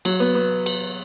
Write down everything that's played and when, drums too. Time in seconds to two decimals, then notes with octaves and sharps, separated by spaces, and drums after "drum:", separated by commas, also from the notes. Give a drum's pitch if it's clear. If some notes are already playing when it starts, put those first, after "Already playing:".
0.05 F#3, drum: cymbal
0.20 B3
0.35 B3
0.66 drum: cymbal